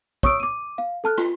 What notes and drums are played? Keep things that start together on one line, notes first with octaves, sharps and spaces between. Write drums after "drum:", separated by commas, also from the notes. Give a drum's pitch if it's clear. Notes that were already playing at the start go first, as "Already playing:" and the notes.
C#5 C#6 D#6 E6 D7, drum: kick
D6 D#7
F5
A4 A5 F6 F#6
F4, drum: rim click